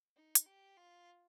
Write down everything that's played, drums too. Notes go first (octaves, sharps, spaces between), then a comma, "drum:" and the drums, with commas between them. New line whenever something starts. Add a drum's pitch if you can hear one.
D#4
drum: hi-hat
G4
F4